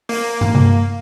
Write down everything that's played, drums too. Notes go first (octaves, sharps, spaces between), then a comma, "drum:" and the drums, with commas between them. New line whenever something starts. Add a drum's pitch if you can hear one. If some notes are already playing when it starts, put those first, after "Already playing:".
A#3, drum: open hi-hat
drum: tom
drum: tom C3